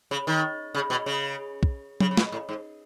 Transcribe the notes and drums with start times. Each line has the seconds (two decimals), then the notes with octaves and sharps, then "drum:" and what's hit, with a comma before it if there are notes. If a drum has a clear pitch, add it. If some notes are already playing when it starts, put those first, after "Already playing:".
0.11 C#3
0.27 D#3
0.74 C#3
0.90 B2
1.06 C#3
1.63 drum: kick
2.00 C#3, drum: tom F#3
2.11 C#3
2.17 B2, drum: snare
2.32 A2
2.49 G#2